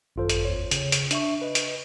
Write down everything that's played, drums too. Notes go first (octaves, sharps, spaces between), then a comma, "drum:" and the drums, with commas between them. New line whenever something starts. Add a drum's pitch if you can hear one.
G#1 F#2 F4 A4 C5
drum: hi-hat
E2 C#5
C#3, drum: hi-hat
drum: hi-hat
D4 E5 C#6, drum: hi-hat
B4 D#5
drum: hi-hat